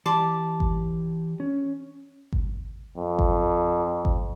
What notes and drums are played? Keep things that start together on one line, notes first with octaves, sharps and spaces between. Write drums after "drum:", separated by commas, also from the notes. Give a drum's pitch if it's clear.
E3 G4 D5 A5 C6
drum: kick G#1
C#4
drum: kick G#1
F2
drum: kick G#1
drum: kick G#1